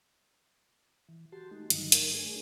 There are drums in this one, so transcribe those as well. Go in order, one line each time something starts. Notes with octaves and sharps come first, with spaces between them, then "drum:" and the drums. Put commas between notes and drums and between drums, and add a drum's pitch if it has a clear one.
E3
F#4 G4 A5 C6
G#3 A3 D#4
G2 D3 D#3 F#3 G3 D#4, drum: hi-hat
D#4 A#4, drum: hi-hat
A3 D4 G#4